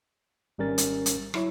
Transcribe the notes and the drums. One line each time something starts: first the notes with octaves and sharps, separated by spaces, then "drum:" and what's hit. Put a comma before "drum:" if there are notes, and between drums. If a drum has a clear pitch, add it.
G#1 G3 C#4 A#4 A6
drum: hi-hat
drum: hi-hat
F#3 E4 C#5, drum: rim click